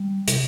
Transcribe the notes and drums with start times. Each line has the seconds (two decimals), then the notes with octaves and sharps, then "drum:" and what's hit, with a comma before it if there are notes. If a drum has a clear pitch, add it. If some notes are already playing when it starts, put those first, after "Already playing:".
Already playing: G3
0.28 C3, drum: hi-hat